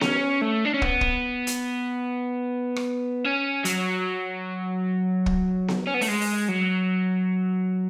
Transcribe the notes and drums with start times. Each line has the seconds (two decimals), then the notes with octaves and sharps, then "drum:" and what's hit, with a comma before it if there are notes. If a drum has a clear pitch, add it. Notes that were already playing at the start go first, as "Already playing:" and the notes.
0.01 C#4, drum: snare B3
0.41 A3
0.65 D4
0.74 C#4
0.82 B3, drum: kick
1.01 drum: kick
1.47 drum: hi-hat
2.76 drum: rim click
3.25 C#4
3.65 F#3, drum: hi-hat
5.26 drum: kick
5.68 drum: snare B3
5.87 C#4
5.94 B3
6.01 A3, drum: open hi-hat
6.08 G#3
6.21 drum: open hi-hat
6.49 F#3